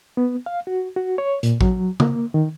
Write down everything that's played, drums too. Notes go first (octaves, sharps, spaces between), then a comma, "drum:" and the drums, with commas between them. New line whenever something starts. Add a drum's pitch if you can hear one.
B3
F5
F#4
F#4
C#5
A#2, drum: hi-hat
F#3, drum: kick A1
A#3, drum: tom C#3
D#3